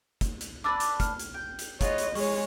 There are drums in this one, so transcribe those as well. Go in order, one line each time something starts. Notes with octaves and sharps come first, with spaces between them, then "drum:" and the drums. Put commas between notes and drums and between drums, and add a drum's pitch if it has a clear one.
drum: kick, hi-hat
drum: hi-hat
D4 B4 D5 D6 E6 A6
drum: hi-hat
F6, drum: kick, hi-hat
drum: hi-hat
G5
drum: hi-hat
B3 F4 G#4 C#5 D#5, drum: kick, hi-hat
drum: hi-hat
G#3 G#4 C#5 C#6, drum: open hi-hat